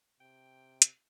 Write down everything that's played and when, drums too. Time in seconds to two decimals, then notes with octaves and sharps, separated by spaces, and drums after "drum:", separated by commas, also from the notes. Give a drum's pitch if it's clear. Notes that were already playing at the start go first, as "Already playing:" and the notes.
0.20 C3 G5
0.82 drum: hi-hat